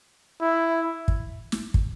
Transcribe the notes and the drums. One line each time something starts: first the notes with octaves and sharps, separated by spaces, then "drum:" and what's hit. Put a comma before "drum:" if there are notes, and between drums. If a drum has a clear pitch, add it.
E4
drum: kick
drum: snare
drum: kick